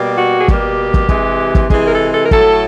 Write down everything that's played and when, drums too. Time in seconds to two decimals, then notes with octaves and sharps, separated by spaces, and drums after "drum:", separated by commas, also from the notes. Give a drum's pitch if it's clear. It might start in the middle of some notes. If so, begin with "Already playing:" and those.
Already playing: B2 G3 A#3
0.18 F#4
0.40 G#4
0.48 B2 G3 A#3 G4, drum: kick
0.94 drum: kick
1.09 C3 E3 G#3, drum: kick
1.55 drum: kick
1.70 C3 E3 G#3 G#4, drum: kick
1.85 A#4
1.91 A4
2.11 A4
2.24 A#4
2.31 A2 F#3 A3 A4, drum: kick